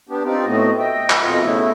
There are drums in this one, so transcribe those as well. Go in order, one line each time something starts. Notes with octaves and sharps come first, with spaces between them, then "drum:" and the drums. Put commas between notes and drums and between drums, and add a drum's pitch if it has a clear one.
B3 D4 G4
C4 D#4 F4 G4 D5
A2 A3 B3 C4 F#4 D#5
D#5 E5 G5
drum: clap
F2 B2 F4 D#5 F#5
C#3 A3 B3 E4 E5